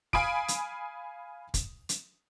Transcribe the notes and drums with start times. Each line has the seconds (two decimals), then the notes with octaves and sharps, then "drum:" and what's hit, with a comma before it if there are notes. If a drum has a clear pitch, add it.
0.13 F5 G#5 B5 D#6 D7, drum: kick
0.48 drum: hi-hat
1.54 drum: kick, hi-hat
1.89 drum: hi-hat